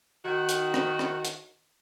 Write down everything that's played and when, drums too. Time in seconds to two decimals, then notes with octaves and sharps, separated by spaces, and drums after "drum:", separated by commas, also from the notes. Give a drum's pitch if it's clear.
0.23 D#3 F#4
0.49 drum: hi-hat
0.74 drum: rim click
0.99 drum: rim click
1.25 drum: hi-hat